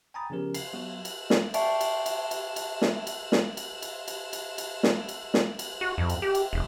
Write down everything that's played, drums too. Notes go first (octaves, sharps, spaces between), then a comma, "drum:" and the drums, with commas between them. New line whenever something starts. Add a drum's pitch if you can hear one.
G5 G#5 A#5 B5 D#6 A6
C#3 F3 B3 C#4 G4 A#4
C7, drum: cymbal
F#3 B3 F#4
drum: cymbal
drum: snare
D5 E5 F5 G5 A5 C#6, drum: cymbal
drum: cymbal
drum: cymbal
drum: cymbal
drum: cymbal
drum: snare
drum: cymbal
drum: snare
drum: cymbal
drum: cymbal
drum: cymbal
drum: cymbal
drum: cymbal
drum: snare
drum: cymbal
drum: snare
drum: cymbal
F#4
F2
drum: cymbal
G4
drum: cymbal
E1